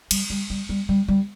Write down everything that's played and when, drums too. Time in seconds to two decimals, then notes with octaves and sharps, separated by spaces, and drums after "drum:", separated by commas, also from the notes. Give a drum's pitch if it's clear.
0.11 G3, drum: cymbal
0.30 G3
0.50 G3
0.69 G3
0.89 G3
1.08 G3